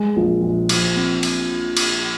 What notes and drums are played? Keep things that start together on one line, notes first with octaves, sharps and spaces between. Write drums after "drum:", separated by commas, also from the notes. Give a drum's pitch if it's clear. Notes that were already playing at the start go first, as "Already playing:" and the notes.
Already playing: G#3
A#1
A#1
F3, drum: cymbal
C4
drum: cymbal
drum: cymbal